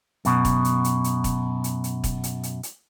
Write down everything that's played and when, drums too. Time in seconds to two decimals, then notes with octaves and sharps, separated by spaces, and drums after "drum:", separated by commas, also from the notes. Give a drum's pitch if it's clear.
0.25 F#2 B2, drum: hi-hat
0.45 drum: kick, hi-hat
0.65 drum: hi-hat
0.84 drum: hi-hat
1.04 drum: hi-hat
1.24 drum: kick, hi-hat
1.64 drum: hi-hat
1.84 drum: hi-hat
2.04 drum: kick, hi-hat
2.24 drum: hi-hat
2.43 drum: hi-hat
2.63 drum: hi-hat